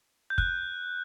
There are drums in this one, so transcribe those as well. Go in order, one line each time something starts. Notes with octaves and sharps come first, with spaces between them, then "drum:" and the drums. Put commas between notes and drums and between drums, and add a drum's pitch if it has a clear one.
G6
F#6, drum: kick